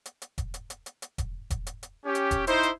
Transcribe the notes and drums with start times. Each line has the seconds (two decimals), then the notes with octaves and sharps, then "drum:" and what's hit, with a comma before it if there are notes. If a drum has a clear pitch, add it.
0.05 drum: hi-hat
0.22 drum: hi-hat
0.38 drum: kick E1, hi-hat
0.54 drum: hi-hat
0.70 drum: hi-hat
0.86 drum: hi-hat
1.02 drum: hi-hat
1.18 drum: kick E1, hi-hat
1.50 drum: kick E1, hi-hat
1.67 drum: hi-hat
1.83 drum: hi-hat
2.05 C#4 G4
2.15 drum: hi-hat
2.31 drum: kick E1, hi-hat
2.47 D#4 E4 C5, drum: hi-hat
2.63 drum: hi-hat